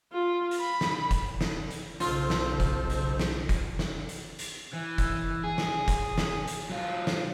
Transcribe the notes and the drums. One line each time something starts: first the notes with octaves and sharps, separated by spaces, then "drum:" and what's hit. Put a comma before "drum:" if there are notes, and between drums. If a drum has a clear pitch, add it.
F4
drum: hi-hat
B5
drum: snare
drum: kick, hi-hat
drum: snare
drum: hi-hat
B1 C#3 F4 A4 C5, drum: hi-hat
drum: snare
drum: kick, hi-hat
drum: hi-hat
drum: snare
drum: kick, hi-hat
drum: snare
drum: hi-hat
drum: hi-hat
E3
drum: kick, hi-hat
G#4
drum: snare
drum: kick, hi-hat
drum: snare
drum: hi-hat
F#3 F4
drum: snare